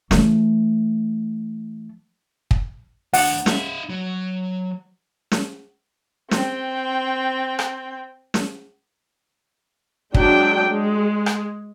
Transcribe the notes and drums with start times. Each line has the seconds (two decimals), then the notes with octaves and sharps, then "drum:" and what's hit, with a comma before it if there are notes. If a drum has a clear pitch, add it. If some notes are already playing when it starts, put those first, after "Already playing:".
0.11 E3 A3, drum: snare
2.51 drum: kick
3.14 D#2 D4 F#5, drum: open hi-hat
3.46 D#4 E5, drum: snare
3.90 F#3
5.32 drum: snare
6.31 C4 G5, drum: snare
7.59 drum: rim click
8.34 drum: snare
10.14 F#3 G#3 D4 G5, drum: kick
10.70 G#3
11.26 drum: rim click